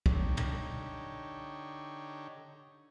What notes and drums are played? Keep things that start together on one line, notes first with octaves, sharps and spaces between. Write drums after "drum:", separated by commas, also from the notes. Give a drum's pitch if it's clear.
D3 D#4 G4 C#5, drum: kick
drum: tom